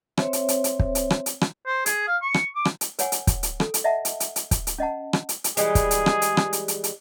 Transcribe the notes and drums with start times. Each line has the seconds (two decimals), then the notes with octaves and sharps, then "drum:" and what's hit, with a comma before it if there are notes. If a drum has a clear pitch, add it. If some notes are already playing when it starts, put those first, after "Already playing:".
0.18 C4 C5 C#5 E5, drum: rim click
0.33 drum: hi-hat
0.48 drum: hi-hat
0.64 drum: hi-hat
0.79 drum: kick
0.95 drum: hi-hat
1.10 drum: rim click
1.26 drum: hi-hat
1.41 drum: rim click
1.67 C5
1.86 G#4, drum: hi-hat
2.08 F5
2.22 C#6
2.34 drum: rim click
2.56 D6
2.65 drum: rim click
2.81 drum: hi-hat
2.99 A#4 C#5 F#5 G#5, drum: hi-hat
3.12 drum: hi-hat
3.27 drum: kick, hi-hat
3.43 drum: hi-hat
3.60 A4, drum: rim click
3.74 drum: hi-hat
3.84 D#5 E5 F#5 A5
4.05 drum: hi-hat
4.20 drum: hi-hat
4.36 drum: hi-hat
4.51 drum: kick, hi-hat
4.67 drum: hi-hat
4.78 C#4 D#5 F#5 A5
5.13 drum: rim click
5.29 drum: hi-hat
5.44 drum: hi-hat
5.57 E3 G3 G#3 G#4, drum: hi-hat
5.75 drum: kick, hi-hat
5.91 drum: hi-hat
6.06 drum: rim click
6.22 drum: hi-hat
6.37 drum: rim click
6.53 drum: hi-hat
6.68 drum: hi-hat
6.84 drum: hi-hat